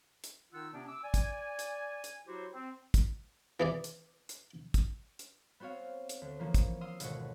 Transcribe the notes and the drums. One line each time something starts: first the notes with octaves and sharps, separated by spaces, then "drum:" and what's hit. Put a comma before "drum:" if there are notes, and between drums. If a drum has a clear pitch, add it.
drum: hi-hat
D#3 D#4 F4 F#5 E6
C3 B3 C#4 D4
D6 E6
D5 G#5
drum: kick, hi-hat
drum: hi-hat
drum: hi-hat
F#3 E4 F#4 G4 C5
C4
drum: kick, hi-hat
E3 G#4 D5
drum: hi-hat
drum: hi-hat
drum: kick, hi-hat
drum: hi-hat
B3 C4 F#4 C#5 F5
drum: hi-hat
D2
E3 F3 A#3 C#4
drum: kick, hi-hat
F5 C6 D#6 E6
G#1 D2 B2 C#5 F#5 C#7, drum: hi-hat